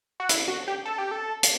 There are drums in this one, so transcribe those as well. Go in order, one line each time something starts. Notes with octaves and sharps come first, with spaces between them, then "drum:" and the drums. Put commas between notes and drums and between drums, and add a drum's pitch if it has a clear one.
F#4
E4, drum: hi-hat
F#4
G4
A4
G4
A4
drum: hi-hat